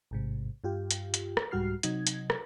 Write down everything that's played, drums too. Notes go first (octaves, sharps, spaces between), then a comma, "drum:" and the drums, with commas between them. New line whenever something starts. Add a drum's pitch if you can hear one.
A1 G#2 C3
G2 F4 G4
drum: hi-hat
drum: hi-hat
drum: rim click
C2 G#2 G3 F#4 F6 C7
C3 F#3 D#4 G#6, drum: hi-hat
drum: hi-hat
drum: rim click